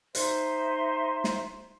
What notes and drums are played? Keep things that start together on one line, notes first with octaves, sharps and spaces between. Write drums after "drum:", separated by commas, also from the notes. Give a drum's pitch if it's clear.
D#4 C5 E5 C6, drum: hi-hat
drum: snare